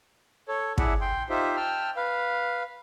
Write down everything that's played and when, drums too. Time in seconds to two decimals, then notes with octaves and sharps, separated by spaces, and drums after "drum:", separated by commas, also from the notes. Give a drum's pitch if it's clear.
0.48 A4 C#5
0.78 E4 G#4 D5 E5 F#5 A5, drum: kick
1.01 G5 C6
1.30 D#4 F4 G4 C5 E5
1.56 G5 A5 E6 F6
1.96 B4 F5